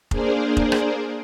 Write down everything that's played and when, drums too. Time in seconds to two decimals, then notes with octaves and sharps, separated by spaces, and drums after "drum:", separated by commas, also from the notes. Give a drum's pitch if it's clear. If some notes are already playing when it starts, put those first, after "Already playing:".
0.11 A#3 D4 G#4 A#4 C5 D5, drum: kick F1
0.57 drum: kick F1
0.72 drum: rim click